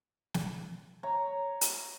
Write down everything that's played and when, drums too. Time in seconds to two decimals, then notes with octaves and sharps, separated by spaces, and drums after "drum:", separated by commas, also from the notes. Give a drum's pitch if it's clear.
0.34 drum: snare
1.03 C#5 A#5
1.61 drum: hi-hat